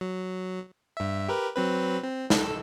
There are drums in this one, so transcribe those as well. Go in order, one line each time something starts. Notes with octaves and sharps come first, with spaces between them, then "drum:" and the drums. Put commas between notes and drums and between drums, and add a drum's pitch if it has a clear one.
F#3
G2 E5
G4 A#4 B4
F#3 C4 B4
C4
A4 E6, drum: snare